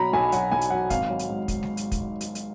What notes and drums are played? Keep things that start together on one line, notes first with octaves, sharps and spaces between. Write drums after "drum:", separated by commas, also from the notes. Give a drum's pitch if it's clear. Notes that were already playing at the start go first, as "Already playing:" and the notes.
Already playing: B2 F#3 A#5 B5
B1 G#5
F#3 F#5, drum: hi-hat
B1 G#5
drum: hi-hat
F#3 F#5
G#1 F5, drum: kick, hi-hat
F#3
drum: hi-hat
G#2
drum: kick, hi-hat
drum: snare G#3
drum: hi-hat
drum: kick, hi-hat
drum: hi-hat
drum: hi-hat